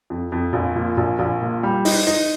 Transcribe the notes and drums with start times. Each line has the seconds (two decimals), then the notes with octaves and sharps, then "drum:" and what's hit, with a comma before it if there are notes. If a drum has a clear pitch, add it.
0.10 F2
0.32 F2
0.53 A#1
0.76 A#2
0.97 A#1
1.19 A#1
1.42 A#2
1.63 G3
1.85 D#4, drum: open hi-hat
2.07 D#4